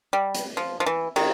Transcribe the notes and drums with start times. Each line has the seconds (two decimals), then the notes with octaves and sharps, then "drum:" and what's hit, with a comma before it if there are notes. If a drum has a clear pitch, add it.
0.13 G3
0.35 drum: hi-hat
0.57 F3
0.80 F3
0.86 E3
1.16 D#3, drum: cymbal